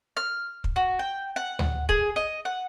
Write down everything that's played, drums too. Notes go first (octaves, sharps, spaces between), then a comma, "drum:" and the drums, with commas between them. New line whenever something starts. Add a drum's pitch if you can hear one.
F6
drum: kick
F#4
G5
F#5
drum: tom D2
G#4, drum: kick
D#5
F#5